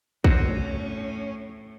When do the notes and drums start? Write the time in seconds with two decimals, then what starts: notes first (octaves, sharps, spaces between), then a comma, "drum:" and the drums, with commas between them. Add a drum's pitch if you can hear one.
0.24 A2 C4 C#4 F#4, drum: kick A#1